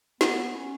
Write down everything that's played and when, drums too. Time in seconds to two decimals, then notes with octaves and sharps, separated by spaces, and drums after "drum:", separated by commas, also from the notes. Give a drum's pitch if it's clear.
0.21 B3, drum: snare
0.56 C#4